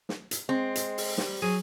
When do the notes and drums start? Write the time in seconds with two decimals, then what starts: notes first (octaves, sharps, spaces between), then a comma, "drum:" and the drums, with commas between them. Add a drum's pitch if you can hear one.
0.09 drum: snare
0.31 drum: hi-hat
0.49 G#3 C4
0.75 drum: hi-hat
0.98 drum: open hi-hat
1.18 G3, drum: snare
1.42 F#3 G#4